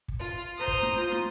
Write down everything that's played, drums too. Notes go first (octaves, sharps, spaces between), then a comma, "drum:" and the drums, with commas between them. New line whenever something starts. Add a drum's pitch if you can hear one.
drum: kick
F4
C5 A#5 D#6
drum: kick
drum: snare
F4
drum: snare